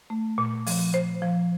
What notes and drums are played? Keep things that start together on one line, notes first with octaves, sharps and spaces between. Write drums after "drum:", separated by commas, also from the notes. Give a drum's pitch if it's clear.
A3
A#2
F3, drum: open hi-hat
C5
F3